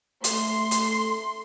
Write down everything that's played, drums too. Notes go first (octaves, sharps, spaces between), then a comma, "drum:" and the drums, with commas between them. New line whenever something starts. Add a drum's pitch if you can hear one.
A3 C6, drum: hi-hat
drum: hi-hat